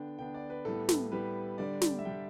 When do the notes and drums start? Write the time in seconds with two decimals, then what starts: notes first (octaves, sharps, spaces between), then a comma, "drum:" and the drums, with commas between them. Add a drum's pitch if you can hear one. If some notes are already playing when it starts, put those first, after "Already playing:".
Already playing: D3 B3 D4 G5
0.19 D3 B3 D4 G5
0.34 D5
0.50 B4
0.65 A2 G3 B3 A4
0.89 drum: snare
1.12 A2 G3 B3 B4
1.58 D3 G3 D4 D5
1.82 drum: snare
1.99 E5
2.05 D3 G3 D4 G5